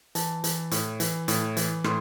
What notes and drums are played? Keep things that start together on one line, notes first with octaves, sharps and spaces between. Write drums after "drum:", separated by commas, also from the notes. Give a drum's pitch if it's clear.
E3 A5, drum: hi-hat
E3, drum: hi-hat
A2, drum: hi-hat
E3, drum: hi-hat
A2, drum: hi-hat
E3, drum: hi-hat
A2 C6, drum: rim click